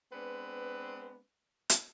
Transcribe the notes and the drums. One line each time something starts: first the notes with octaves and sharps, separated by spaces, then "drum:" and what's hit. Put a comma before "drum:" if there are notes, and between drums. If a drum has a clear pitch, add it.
G#3 B3 C4 D4 B4
drum: hi-hat